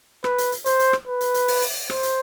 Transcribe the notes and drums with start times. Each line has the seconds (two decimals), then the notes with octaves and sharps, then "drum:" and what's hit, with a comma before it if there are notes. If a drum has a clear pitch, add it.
0.24 B4, drum: rim click
0.38 drum: hi-hat
0.52 drum: hi-hat
0.66 C5, drum: hi-hat
0.79 drum: hi-hat
0.93 drum: rim click
1.07 B4
1.21 drum: hi-hat
1.34 drum: hi-hat
1.48 drum: open hi-hat
1.62 drum: open hi-hat
1.90 C5, drum: rim click
2.03 drum: hi-hat